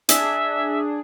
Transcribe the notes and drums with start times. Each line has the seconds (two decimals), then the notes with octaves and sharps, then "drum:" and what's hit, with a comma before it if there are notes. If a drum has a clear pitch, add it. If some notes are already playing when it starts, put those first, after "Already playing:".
0.09 D4 G#4 E5, drum: hi-hat